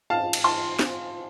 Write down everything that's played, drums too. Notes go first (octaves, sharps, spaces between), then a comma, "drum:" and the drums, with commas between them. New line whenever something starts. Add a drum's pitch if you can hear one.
F5 A5
drum: cymbal
A5 C6
drum: snare